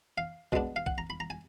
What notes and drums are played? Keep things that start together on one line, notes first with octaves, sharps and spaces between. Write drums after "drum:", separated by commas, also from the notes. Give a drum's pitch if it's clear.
F5
B2 G#3 B3 D4, drum: kick B1
F5
F#5, drum: kick B1
A#5
B5
A#5
G#5